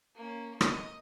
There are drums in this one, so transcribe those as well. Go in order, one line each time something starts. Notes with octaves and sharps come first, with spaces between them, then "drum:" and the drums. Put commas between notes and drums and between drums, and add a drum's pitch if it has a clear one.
A#3 C#4
D#5, drum: rim click